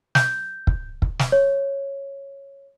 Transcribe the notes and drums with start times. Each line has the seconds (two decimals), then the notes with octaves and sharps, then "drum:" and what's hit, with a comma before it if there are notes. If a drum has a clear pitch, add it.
0.15 G6, drum: snare
0.67 drum: kick
1.02 drum: kick
1.19 drum: snare
1.32 C#5